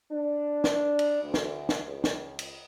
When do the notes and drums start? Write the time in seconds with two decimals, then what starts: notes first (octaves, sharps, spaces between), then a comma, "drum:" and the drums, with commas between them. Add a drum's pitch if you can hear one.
0.11 D4
0.64 drum: snare
0.99 drum: cymbal
1.23 D2
1.34 drum: snare
1.69 drum: snare
1.86 C#2
2.04 drum: snare
2.39 drum: cymbal